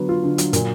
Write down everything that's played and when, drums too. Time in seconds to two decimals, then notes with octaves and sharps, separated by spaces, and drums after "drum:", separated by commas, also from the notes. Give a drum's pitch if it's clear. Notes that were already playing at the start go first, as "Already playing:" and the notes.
Already playing: D3 F#3 B3
0.09 F4
0.24 D3
0.38 F#3, drum: hi-hat
0.53 A#2, drum: hi-hat